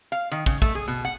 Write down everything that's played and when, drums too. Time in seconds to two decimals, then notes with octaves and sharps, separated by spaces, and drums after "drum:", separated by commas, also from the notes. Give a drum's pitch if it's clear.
0.12 F5
0.31 D#3
0.46 C#3, drum: kick
0.62 A3, drum: kick
0.75 G#4
0.88 B2
1.05 F#5